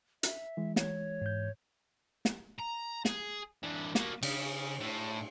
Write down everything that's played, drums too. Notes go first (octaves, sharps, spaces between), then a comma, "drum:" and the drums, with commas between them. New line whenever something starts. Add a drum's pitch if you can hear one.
E5, drum: hi-hat
E3 G#3
C#5, drum: snare
G#2 G6
drum: snare
A#5
G#4, drum: snare
E3 D4
A#3 F#4, drum: snare
C#3, drum: cymbal
A2